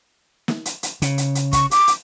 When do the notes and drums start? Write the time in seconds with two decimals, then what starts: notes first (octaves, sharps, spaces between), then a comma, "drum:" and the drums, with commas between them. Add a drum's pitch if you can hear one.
0.48 drum: snare
0.65 drum: hi-hat
0.83 drum: hi-hat
1.02 C#3, drum: hi-hat
1.18 drum: hi-hat
1.35 drum: hi-hat
1.53 C#6, drum: kick, hi-hat
1.71 D6, drum: hi-hat
1.87 drum: hi-hat